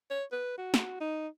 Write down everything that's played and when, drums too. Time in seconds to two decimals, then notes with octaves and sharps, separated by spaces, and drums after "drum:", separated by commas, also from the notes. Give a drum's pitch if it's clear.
0.11 C#5
0.32 B4
0.58 F#4
0.74 drum: snare
1.01 D#4